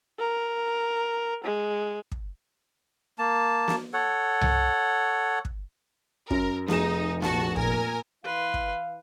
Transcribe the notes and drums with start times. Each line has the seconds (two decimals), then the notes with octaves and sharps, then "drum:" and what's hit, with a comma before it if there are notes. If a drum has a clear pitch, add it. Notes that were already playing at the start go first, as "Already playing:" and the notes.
0.19 A#4
1.44 G#3
2.12 drum: kick
3.19 A#3 A5
3.68 drum: snare
3.93 A4 C#5 F#5
4.41 drum: tom C2
5.45 drum: kick
6.30 F#2 A#4, drum: kick
6.68 F1 D#4 G#4 E7, drum: snare
7.22 A#1 F#4 A5, drum: snare
7.56 A#2 A#4 G#5, drum: kick
8.24 E3 E4 B4 F5 C6
8.54 drum: kick